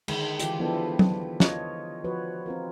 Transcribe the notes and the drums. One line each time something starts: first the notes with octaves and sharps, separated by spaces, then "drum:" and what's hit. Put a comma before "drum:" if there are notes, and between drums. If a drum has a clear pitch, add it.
D3 D#3 G#3, drum: cymbal
E3 F4 G4, drum: hi-hat
F3 B3 D4 E4 G4 A4
drum: tom
F4 C#5 D#5, drum: snare
F3 F#4 B4 C#5
C4 F4 A#4